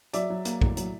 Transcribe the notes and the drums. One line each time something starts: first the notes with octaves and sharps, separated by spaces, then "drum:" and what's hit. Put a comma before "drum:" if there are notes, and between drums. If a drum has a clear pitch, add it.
F#3 D5 E5, drum: hi-hat
F#3
A#3, drum: hi-hat
A2, drum: kick A#1
F#3, drum: hi-hat